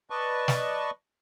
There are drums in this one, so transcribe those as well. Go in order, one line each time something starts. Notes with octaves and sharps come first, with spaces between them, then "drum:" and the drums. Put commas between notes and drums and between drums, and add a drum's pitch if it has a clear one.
B4 D5 D#5 A5 C#6
drum: snare